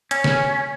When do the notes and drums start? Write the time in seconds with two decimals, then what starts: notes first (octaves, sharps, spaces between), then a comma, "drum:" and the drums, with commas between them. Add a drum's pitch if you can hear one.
0.11 C#4, drum: hi-hat
0.24 drum: snare